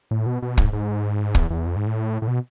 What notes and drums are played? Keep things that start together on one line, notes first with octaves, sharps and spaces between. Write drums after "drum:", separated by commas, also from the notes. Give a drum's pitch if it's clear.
A2
B2
B2
G#2, drum: kick
G#2
E2, drum: kick
E2
F2
G#2
A2
A2
B2